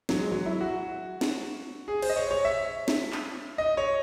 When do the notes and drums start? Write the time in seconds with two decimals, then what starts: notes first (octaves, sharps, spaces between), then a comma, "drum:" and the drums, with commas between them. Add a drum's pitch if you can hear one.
0.09 F#3, drum: snare
0.18 G#3
0.32 F#3
0.46 E4
0.61 F#4
1.21 drum: snare
1.88 G#4
2.02 C5, drum: cymbal
2.09 D#5
2.16 C#5
2.31 C#5
2.45 E5
2.88 drum: snare
3.12 drum: clap
3.58 D#5
3.77 C#5